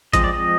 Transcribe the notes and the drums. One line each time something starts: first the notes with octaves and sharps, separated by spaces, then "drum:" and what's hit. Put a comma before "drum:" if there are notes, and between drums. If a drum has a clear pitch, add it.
F3 G#3 C4 D#5, drum: kick G#1, hi-hat
D5
D#5